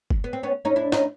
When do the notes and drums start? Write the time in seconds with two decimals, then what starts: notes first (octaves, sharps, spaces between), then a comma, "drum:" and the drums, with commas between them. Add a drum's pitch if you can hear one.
0.11 drum: kick F#1
0.24 B3
0.33 C4
0.43 B3 C#4
0.65 C#4 D#4
0.76 D4 E4
0.92 C#4 D#4, drum: snare